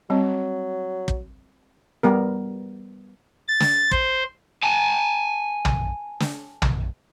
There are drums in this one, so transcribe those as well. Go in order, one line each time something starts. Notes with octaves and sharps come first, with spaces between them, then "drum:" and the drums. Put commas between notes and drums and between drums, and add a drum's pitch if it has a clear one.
F#3 G3 C4
drum: kick
G3 B3 A#4
A6
drum: snare
C5, drum: kick
G#5 A5
drum: tom
drum: snare
drum: tom